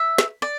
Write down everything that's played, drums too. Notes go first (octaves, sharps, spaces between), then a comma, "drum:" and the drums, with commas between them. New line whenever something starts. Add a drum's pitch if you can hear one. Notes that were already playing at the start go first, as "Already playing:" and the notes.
Already playing: E5
drum: snare
D5